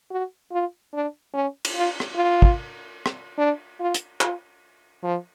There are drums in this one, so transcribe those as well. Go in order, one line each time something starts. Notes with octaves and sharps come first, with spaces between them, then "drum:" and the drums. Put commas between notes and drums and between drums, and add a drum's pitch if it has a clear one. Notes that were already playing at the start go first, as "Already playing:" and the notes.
F#4
F4
D4
C#4
drum: cymbal
F4
drum: rim click
F4
drum: kick
drum: rim click
D4
F4
drum: hi-hat
F4, drum: clap
F3